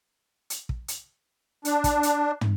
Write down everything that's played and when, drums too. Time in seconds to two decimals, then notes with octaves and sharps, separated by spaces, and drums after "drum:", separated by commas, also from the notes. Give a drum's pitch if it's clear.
0.50 drum: hi-hat
0.69 drum: kick
0.88 drum: hi-hat
1.65 D4, drum: hi-hat
1.84 drum: kick, hi-hat
2.03 drum: hi-hat
2.41 drum: tom